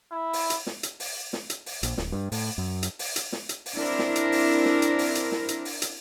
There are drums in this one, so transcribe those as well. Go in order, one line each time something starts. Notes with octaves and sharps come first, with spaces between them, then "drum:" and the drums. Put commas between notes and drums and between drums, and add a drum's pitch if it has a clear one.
E4
drum: open hi-hat
drum: hi-hat
drum: snare
drum: hi-hat
drum: open hi-hat
drum: snare
drum: hi-hat
drum: open hi-hat
A#1, drum: hi-hat
D1, drum: snare
G2
A2, drum: open hi-hat
F#2
drum: hi-hat
drum: open hi-hat
drum: hi-hat
drum: snare
drum: hi-hat
drum: open hi-hat
C4 D4 E4 A#4
drum: snare
drum: hi-hat
drum: open hi-hat
drum: snare
drum: hi-hat
drum: open hi-hat
drum: hi-hat
drum: snare
drum: hi-hat
drum: open hi-hat
drum: hi-hat